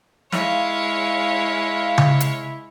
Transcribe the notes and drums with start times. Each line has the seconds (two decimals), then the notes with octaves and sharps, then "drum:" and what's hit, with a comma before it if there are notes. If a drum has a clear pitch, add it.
0.32 G#3 E4 C#5 F5, drum: snare
1.98 drum: tom C#3
2.20 drum: hi-hat